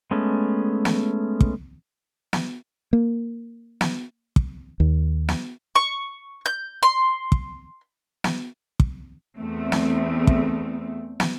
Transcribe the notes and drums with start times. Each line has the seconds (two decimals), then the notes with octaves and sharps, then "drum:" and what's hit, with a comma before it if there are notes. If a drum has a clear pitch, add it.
0.11 G#3 A3 B3 C#4
0.85 drum: snare
1.41 drum: kick
2.33 drum: snare
2.93 A#3
3.81 drum: snare
4.36 drum: kick
4.80 D#2
5.29 drum: snare
5.75 C#6
6.46 G6
6.83 C6
7.32 drum: kick
8.24 drum: snare
8.80 drum: kick
9.36 E2 A3 C4
9.72 drum: snare
10.27 drum: kick
11.20 drum: snare